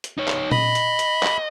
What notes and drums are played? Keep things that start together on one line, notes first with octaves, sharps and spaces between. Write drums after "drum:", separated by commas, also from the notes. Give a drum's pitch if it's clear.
drum: hi-hat
D#4 C#5
drum: clap
D#5 B5, drum: tom A#2
drum: hi-hat
drum: hi-hat
drum: clap